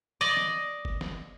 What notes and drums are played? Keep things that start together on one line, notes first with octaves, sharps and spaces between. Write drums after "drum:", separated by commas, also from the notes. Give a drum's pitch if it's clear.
D5 D#5
drum: snare
drum: kick F#1
drum: snare